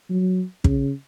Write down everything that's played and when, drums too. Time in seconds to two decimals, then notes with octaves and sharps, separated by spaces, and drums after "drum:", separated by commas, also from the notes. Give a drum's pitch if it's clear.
0.10 F#3
0.64 C#3, drum: kick